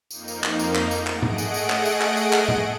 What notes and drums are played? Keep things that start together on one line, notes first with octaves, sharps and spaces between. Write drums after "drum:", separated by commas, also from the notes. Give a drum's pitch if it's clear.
F2 A#3 D#4, drum: tambourine
drum: tambourine
drum: clap
drum: tambourine
drum: clap
drum: tambourine
A3 G#4 D#5 F#5 D7, drum: clap
drum: tom G#2
drum: tambourine
drum: tambourine
drum: clap
drum: tambourine
drum: clap
drum: tambourine
drum: clap
drum: tom A2